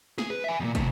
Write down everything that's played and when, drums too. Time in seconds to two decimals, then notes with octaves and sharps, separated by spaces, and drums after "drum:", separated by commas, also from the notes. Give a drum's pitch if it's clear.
0.18 G#4, drum: snare
0.30 B4
0.44 E5 G#5
0.60 E2 A#2
0.75 C3 A3, drum: kick, hi-hat